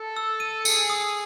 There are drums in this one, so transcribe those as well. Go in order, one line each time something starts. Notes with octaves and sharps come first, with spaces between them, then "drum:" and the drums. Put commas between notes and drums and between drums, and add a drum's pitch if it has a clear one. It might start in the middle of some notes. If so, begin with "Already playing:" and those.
Already playing: A4
E6
D#7
G#4 C#7, drum: tambourine
D#6